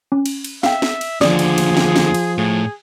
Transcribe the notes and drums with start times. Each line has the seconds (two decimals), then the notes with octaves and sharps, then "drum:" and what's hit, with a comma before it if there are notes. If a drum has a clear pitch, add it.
0.12 C#4
0.26 drum: cymbal
0.44 drum: cymbal
0.63 E5 F5 G5, drum: snare
0.82 drum: snare
1.01 drum: cymbal
1.21 D#2 D3 F3 G#4 D5 D#6, drum: snare
1.39 drum: cymbal
1.58 drum: cymbal
1.77 drum: snare
1.96 drum: snare
2.14 drum: cymbal
2.38 A2 G#4